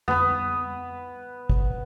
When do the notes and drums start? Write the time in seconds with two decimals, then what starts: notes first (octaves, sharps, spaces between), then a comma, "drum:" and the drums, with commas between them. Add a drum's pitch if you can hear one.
0.08 B3 B4, drum: tom F2
1.49 drum: kick